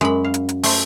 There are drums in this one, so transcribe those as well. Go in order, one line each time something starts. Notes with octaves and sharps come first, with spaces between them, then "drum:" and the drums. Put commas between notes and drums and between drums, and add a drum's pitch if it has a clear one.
F#2 G#3 B5
F5
drum: hi-hat
drum: hi-hat
A3 C5, drum: open hi-hat